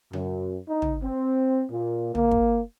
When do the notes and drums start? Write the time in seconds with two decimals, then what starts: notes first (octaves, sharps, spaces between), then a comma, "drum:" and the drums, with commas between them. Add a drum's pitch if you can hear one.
0.13 F#2, drum: tom C#3
0.69 D#4
0.82 drum: tom
1.03 C4
1.71 A#2
2.15 A#3, drum: tom
2.31 drum: kick